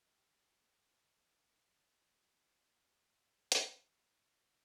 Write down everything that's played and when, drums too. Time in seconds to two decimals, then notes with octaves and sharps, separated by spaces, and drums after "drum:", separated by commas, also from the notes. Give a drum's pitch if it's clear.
0.01 G#3 F#4 G4 C5 G5
2.52 C5 D5
3.52 drum: hi-hat